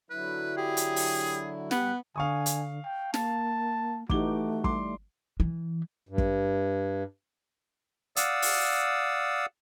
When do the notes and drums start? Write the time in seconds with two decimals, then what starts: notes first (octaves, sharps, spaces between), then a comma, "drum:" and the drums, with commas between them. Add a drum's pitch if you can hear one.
0.11 D3 F#3 E4 B4
0.57 G4 G#4
0.77 drum: hi-hat
0.96 drum: open hi-hat
1.71 G2 B3 G4 F#5, drum: snare
2.16 D3 F5 G#5 C#6 D#6
2.46 drum: hi-hat
2.84 G5
3.14 A#3 A5, drum: snare
4.10 E3 A3 D#4 F#4 G4 D6 G7, drum: kick
4.64 G3 C6 D6, drum: kick
5.40 E3
6.09 G2
6.18 drum: kick
8.16 D5 F5 F#5 D#6 E6, drum: hi-hat
8.42 drum: open hi-hat